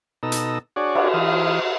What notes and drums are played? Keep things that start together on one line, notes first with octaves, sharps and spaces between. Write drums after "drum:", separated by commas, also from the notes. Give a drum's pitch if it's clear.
B2 D#4 A4 A#5 E6
drum: hi-hat
D4 F#4 G#4 C#5 D5
drum: cymbal
E3 F4 F5 D#6